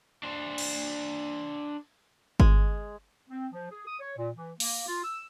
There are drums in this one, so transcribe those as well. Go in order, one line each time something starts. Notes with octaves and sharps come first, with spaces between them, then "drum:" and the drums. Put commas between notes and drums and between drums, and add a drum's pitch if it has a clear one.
D4 C5
drum: cymbal
G#3, drum: kick G1
C4
F3
G#4
D#6
C#5
A#2
E3
A#3, drum: open hi-hat
F4
E6